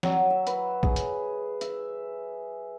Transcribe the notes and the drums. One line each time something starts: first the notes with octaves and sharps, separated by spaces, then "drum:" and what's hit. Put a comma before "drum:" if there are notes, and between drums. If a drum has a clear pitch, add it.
F#3, drum: snare
E5
B4, drum: hi-hat
G#4, drum: kick
drum: hi-hat
E5, drum: hi-hat